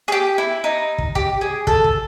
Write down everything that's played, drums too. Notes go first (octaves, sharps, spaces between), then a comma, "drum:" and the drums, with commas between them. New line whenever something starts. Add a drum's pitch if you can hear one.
G#4
G4
E4
D#4
drum: kick
G4, drum: kick
G#4
A4, drum: kick
drum: kick